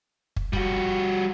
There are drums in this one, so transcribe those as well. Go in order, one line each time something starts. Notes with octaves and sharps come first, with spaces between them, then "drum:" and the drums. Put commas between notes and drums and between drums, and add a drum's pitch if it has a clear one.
drum: kick
G3 F#4, drum: kick